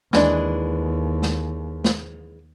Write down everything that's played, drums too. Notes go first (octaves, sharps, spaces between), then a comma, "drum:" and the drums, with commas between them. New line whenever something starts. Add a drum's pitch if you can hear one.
D#2 E3 G#3 D4, drum: snare
drum: snare
drum: snare